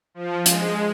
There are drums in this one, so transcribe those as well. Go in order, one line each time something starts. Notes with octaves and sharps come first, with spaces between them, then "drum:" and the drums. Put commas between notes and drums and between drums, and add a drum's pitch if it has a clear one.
F3
G#3, drum: hi-hat